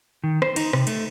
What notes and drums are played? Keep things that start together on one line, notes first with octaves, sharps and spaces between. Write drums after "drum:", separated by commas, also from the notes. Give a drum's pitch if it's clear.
D#3
C5, drum: rim click
D#4, drum: cymbal
C3, drum: rim click
A3, drum: cymbal